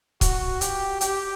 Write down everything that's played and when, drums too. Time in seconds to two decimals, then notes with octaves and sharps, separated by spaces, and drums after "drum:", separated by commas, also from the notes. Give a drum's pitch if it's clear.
0.21 F#4, drum: kick, hi-hat
0.61 G4, drum: hi-hat
1.01 G4, drum: hi-hat